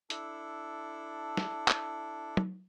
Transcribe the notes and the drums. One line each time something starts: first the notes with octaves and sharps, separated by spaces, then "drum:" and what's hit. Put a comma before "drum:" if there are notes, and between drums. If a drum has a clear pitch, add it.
D4 E4 A4, drum: hi-hat
drum: snare
drum: clap
drum: tom